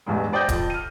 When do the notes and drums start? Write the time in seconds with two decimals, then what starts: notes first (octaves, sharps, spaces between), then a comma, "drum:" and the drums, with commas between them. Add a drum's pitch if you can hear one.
0.06 A1 E2 G2 G#3
0.32 C5 D5 G5 D#6 G6 A#6
0.49 F2, drum: kick, hi-hat
0.70 F6 D#7